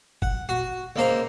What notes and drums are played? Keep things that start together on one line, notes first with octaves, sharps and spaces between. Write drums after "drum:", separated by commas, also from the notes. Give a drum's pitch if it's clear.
F#5, drum: kick
F#4
C#2 A#3 C5 A#5